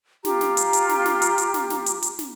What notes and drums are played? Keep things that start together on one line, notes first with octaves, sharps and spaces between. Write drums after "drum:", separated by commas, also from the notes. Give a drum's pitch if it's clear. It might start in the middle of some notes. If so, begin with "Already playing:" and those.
F4 G4 A#5, drum: snare
drum: snare
drum: hi-hat
drum: hi-hat
drum: snare
drum: snare
drum: hi-hat
drum: hi-hat
drum: snare
drum: snare
drum: hi-hat
drum: hi-hat
drum: snare